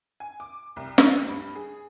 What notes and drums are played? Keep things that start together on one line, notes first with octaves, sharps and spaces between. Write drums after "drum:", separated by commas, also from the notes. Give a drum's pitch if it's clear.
G#5
D6
C2
drum: snare
G2
G#4